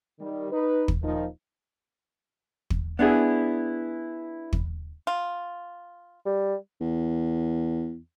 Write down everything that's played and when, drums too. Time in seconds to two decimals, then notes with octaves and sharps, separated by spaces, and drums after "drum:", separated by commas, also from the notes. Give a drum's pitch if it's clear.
0.20 D#3 G3
0.52 D#4 B4
0.88 drum: kick
1.03 A#2 D#3 F3 D#4
2.70 drum: kick
2.99 B3 D4 E4 G#4
4.53 drum: kick
5.07 F4
6.26 G3
6.80 E2